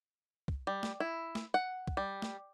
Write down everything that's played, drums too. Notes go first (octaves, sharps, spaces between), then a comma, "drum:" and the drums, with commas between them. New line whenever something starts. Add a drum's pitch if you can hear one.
drum: kick
G3
drum: snare
E4
drum: snare
F#5
drum: kick
G3
drum: snare